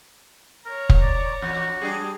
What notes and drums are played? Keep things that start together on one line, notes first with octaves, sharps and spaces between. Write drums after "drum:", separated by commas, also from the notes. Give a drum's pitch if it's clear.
A#4 C#5 A#5
drum: kick
D5
E2 F#4
G3 D4 G4 G#4